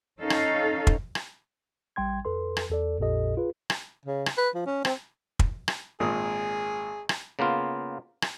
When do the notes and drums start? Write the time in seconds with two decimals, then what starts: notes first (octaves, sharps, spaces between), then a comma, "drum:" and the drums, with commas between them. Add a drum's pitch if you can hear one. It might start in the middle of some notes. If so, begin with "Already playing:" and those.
0.19 C#4 D#4 A4 F5
0.30 drum: rim click
0.87 drum: kick
1.15 drum: rim click
1.96 A1 G3 G5 C6 G#6
2.25 F2 A4 B4 C6
2.57 drum: rim click
2.70 E2 A4 D5
2.99 A#1 F2 A#2 G4 A4 D#5
3.37 F4 G#4 B4
3.70 drum: rim click
4.05 C#3
4.26 drum: rim click
4.38 B4
4.55 F3
4.66 C#4
4.85 C4, drum: rim click
5.39 drum: kick
5.68 drum: rim click
6.00 G#1 A#2 G#4 D#6
7.09 drum: rim click
7.39 C#3 A#3 B3 F4
8.22 drum: rim click